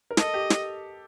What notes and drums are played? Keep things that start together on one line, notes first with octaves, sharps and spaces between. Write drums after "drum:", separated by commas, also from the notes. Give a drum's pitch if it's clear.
A#4
A4 D#5, drum: snare
G4
drum: snare